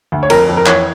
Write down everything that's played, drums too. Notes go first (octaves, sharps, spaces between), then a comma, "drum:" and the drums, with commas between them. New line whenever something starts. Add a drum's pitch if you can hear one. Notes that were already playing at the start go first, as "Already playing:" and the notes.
D2
C#5
F2 A#4, drum: cymbal
F2
A#4
E3 C#5, drum: clap